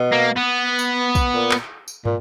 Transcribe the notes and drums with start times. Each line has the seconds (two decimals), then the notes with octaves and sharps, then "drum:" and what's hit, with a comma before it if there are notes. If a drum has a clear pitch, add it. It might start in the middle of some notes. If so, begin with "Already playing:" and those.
Already playing: B2
0.12 A#3
0.36 B3
0.79 drum: tambourine
1.15 drum: kick, tambourine
1.33 A#2
1.51 drum: clap
1.88 drum: tambourine
2.05 A#2, drum: tom